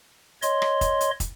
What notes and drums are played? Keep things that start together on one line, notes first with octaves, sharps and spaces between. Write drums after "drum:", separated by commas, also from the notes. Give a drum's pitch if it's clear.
C#5 D#5 C6, drum: hi-hat
drum: rim click
drum: kick, hi-hat
drum: hi-hat
drum: kick, hi-hat